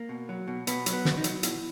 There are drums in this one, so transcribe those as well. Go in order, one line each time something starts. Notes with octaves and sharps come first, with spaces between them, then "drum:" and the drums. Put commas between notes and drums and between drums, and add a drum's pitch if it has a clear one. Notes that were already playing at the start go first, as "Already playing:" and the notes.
Already playing: A#3
B2
F#3
B2
B2 B3, drum: hi-hat
F#3, drum: hi-hat
B3
B2, drum: snare
D#4
F#3, drum: hi-hat
B2 E4, drum: hi-hat